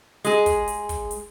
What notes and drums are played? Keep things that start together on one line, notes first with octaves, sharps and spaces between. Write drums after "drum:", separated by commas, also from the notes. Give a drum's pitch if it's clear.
G#3 G#4, drum: hi-hat
drum: kick, hi-hat
drum: hi-hat
drum: kick, hi-hat
drum: hi-hat